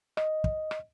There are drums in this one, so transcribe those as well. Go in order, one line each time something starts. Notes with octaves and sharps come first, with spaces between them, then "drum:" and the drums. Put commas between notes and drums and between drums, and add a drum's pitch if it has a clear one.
D#5, drum: rim click
drum: kick
drum: rim click